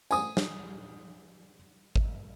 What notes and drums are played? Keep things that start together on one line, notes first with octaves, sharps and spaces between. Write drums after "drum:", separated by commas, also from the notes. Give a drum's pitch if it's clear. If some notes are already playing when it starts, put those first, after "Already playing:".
G#5 D#6, drum: tambourine
drum: snare
drum: kick G#1